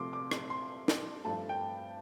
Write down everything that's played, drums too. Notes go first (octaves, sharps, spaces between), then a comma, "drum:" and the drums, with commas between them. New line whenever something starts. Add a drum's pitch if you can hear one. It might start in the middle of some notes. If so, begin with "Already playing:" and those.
Already playing: C3 F3 A3 C6 D6
D6
drum: rim click
C6
drum: snare
G2 F3 A3 A5
G5